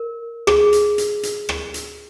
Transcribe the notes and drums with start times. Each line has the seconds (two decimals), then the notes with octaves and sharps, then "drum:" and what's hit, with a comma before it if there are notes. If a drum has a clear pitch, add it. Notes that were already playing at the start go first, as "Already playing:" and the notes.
Already playing: A#4
0.47 G#4, drum: rim click
0.73 drum: hi-hat
0.98 drum: hi-hat
1.23 drum: hi-hat
1.49 drum: rim click
1.74 drum: hi-hat